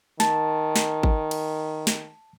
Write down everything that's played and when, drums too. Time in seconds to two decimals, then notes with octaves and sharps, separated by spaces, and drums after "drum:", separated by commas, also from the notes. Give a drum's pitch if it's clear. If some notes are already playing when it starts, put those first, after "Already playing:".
0.20 D#3 A5, drum: snare
0.76 drum: snare
1.03 drum: kick G#1
1.31 drum: cymbal
1.87 drum: snare